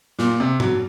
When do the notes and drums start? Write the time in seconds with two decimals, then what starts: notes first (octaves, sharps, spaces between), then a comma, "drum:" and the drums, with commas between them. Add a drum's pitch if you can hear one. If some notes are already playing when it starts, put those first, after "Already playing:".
0.19 A#2, drum: snare
0.40 C3
0.60 F#3, drum: tom G#2